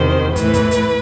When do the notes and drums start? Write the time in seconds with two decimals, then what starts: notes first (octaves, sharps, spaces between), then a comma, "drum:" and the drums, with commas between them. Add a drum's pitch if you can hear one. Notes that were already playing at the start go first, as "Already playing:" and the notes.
Already playing: E2 C3 D#3 C5
0.36 A2 E3 B4, drum: kick, hi-hat
0.53 drum: kick, hi-hat
0.71 drum: hi-hat